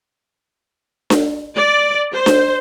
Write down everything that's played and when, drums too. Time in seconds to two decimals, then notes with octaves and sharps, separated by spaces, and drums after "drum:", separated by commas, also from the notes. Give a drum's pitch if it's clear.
1.10 drum: snare D4
1.57 D5
2.13 C5
2.26 drum: snare D4